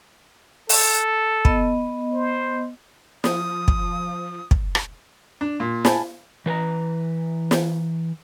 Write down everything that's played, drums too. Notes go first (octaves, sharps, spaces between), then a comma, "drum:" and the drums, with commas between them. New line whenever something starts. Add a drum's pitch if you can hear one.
A4, drum: open hi-hat
B3 D#5, drum: kick
C5
F3 D#6, drum: snare
drum: kick
drum: kick
drum: rim click
D4
A#2
G#5 A5 B5, drum: snare
E3 B4 G#5 A#5
drum: snare